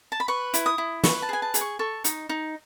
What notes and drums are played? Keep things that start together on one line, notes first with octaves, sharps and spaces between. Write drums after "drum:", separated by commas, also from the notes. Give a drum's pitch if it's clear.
A5
B5
B4 C#6
E4, drum: hi-hat
D#6
E4
B4 C#6, drum: snare
A5
G#4 G#5
A5
G#4, drum: hi-hat
C#6
A4 C#6
D#4, drum: hi-hat
D#4